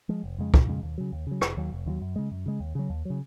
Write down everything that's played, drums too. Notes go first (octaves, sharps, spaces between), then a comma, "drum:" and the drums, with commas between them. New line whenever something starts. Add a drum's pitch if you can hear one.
F3 G#3
F1
F2 C#3 G#3
F1, drum: kick
F2 C#3 G#3
D#2
C#3 F#3
D#2
C#3 F#3
F1, drum: rim click
D#2 D#3 F#3
F1
D#2 D#3 F#3
F#2
C#3 G#3
F#2
C#3 G#3
D#2
C#3 F#3
D#2
C#3 F#3